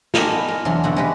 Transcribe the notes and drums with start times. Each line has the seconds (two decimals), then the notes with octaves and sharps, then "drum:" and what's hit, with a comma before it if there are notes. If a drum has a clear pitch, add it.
0.14 G#3 D#4 G4 A4 A#4 D5, drum: snare
0.32 B3
0.48 A#4
0.65 E2 C3 F#3 D4 A5 C6
0.84 B2 D3 C4 F#4 D5
0.96 G#3 A3 C#4 G4 B4 C#5